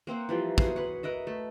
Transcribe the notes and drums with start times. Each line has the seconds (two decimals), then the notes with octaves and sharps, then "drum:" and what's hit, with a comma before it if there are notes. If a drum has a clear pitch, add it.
0.07 A#3 C4 C5 F#5
0.29 E3 F3 G3
0.58 F#4 G#4 C5, drum: kick
0.76 B4 C#5 F#5
1.03 A#4 B4 D#5 E5
1.27 A3